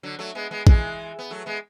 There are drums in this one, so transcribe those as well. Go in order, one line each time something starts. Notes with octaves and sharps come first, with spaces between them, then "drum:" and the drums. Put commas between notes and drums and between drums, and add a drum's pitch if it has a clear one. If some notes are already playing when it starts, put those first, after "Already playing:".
D3 F#3
F#3 A3
G#3 B3
G#3 B3
E3 G#3, drum: kick A#1
B3
F#3 A3
G#3 B3